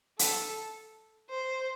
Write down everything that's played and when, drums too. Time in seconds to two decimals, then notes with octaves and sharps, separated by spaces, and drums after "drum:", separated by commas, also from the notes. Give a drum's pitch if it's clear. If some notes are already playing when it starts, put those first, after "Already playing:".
0.19 A4, drum: hi-hat
1.30 C5